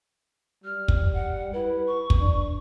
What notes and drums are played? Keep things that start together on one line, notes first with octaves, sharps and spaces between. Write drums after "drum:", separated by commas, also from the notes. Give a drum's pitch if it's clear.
G3 F6
drum: kick
F#5
E4 B4
C#6
drum: kick
D4